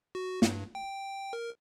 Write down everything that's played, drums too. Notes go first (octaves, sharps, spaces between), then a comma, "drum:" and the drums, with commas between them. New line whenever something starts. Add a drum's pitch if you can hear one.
F#4
G2, drum: snare
G5
A#4